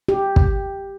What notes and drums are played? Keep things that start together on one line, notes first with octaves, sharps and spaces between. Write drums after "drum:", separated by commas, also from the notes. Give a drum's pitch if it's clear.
G4
drum: kick